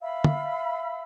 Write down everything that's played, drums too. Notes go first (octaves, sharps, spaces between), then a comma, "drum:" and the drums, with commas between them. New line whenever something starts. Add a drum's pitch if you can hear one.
E5 F5 B5 E6
drum: tom